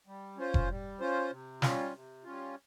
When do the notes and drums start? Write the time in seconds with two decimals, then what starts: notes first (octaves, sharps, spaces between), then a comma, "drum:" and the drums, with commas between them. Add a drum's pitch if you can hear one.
0.07 G3
0.37 C#4 F4 C5
0.54 drum: kick F1
0.70 G3
1.00 C#4 F4 C5
1.31 C3
1.62 G3 C#4 F4, drum: snare
1.93 C3
2.24 G3 C#4 F4